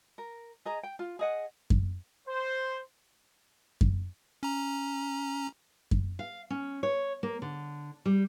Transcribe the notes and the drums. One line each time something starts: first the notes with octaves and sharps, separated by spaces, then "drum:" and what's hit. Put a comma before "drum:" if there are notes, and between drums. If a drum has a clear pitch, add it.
A#4
G#4 D#5 A#5
G5
F4
G#4 D#5 F#5
drum: kick F#2
C5
drum: kick F#2
C#4 A#5
drum: kick F#2
F5
C#4
C#5
A#3
D3
G3